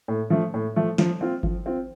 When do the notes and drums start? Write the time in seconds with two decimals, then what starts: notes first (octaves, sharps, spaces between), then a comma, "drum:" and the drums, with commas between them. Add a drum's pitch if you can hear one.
0.08 A2
0.30 F3 A3
0.54 A2
0.76 F3 A3
0.98 F3, drum: snare
1.21 C4 F4
1.43 F3, drum: kick G1
1.66 C4 F4